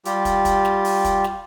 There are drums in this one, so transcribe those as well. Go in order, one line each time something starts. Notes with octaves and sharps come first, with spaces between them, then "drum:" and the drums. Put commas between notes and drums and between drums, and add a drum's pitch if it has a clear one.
G3 F4 G4, drum: hi-hat
drum: kick, hi-hat
drum: kick, hi-hat
drum: snare
drum: open hi-hat
drum: kick, hi-hat
drum: snare